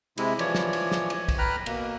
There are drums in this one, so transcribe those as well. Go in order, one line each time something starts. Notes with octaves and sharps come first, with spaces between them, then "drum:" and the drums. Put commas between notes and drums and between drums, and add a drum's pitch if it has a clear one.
C3 G#3 E4, drum: cymbal
E3 F3 C#5 D5, drum: cymbal
drum: snare
drum: cymbal
drum: snare
drum: cymbal
drum: kick, cymbal
B4 G5 A#5 B5 F6 F#6
B2 A#3, drum: cymbal